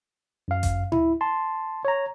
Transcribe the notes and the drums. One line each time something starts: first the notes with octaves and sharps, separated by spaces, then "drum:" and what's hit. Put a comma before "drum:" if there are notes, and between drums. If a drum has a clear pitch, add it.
F#2 F5
drum: kick G1, hi-hat
E4, drum: tom A2
A5 C6
C#5 A#5